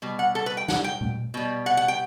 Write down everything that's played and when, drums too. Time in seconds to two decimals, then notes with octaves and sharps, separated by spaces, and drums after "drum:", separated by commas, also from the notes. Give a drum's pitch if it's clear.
0.02 B2 G3
0.19 F#5
0.35 A4
0.46 B4
0.57 G5
0.68 F#5, drum: snare
0.84 G5
1.01 drum: tom A#2
1.34 B2 G3
1.66 F#5
1.77 F#5
1.88 G5